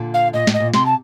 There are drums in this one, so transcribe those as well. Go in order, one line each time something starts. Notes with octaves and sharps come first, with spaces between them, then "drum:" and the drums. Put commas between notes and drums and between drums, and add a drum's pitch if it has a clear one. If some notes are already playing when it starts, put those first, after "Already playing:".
Already playing: A#2 D3
F5
A#2 D#5
A2, drum: snare
D#5
A#2
C3 C6, drum: snare
A5